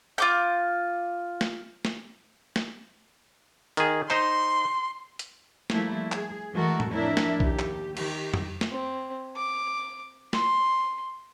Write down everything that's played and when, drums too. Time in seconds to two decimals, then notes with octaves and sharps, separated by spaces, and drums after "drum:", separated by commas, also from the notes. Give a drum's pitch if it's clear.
0.18 F4 D6 G6
1.41 drum: snare
1.85 drum: snare
2.56 drum: snare
3.77 D#3 G#4, drum: hi-hat
4.10 D#4 C5 C6, drum: clap
5.19 drum: hi-hat
5.70 F3 G3 A3 A#3 E4, drum: snare
6.12 G#4, drum: clap
6.53 E3 G#3 A3 F#4 A4 A#4
6.80 drum: tom A2
6.90 F2 A2 D4 E4 A#4 E5
7.17 drum: snare
7.40 D#2 G4, drum: kick B1
7.59 drum: clap
7.97 D#3 G4, drum: cymbal
8.34 drum: tom F2
8.61 drum: snare
8.71 C4
9.36 D6
10.33 C6, drum: snare